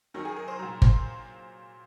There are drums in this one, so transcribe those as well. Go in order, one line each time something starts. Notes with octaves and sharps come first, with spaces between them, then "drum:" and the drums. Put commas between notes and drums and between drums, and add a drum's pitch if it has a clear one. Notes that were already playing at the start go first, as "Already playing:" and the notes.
F#2 D#3 F#3
G#4
A#4
C5
A#2 F#3 A#5
C5, drum: kick G1